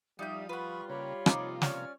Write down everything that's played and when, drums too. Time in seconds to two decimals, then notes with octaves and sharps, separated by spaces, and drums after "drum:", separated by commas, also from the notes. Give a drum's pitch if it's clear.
0.19 F3 G3 D#4 E5 D#6 G6
0.49 G3 F4 B4 F#5 B5 C#6
0.89 C#3 A#3 G4 C#5 B5
1.26 C3 F3 A#3 D#4 D5, drum: rim click
1.62 C#4 C#5 D5 F6, drum: snare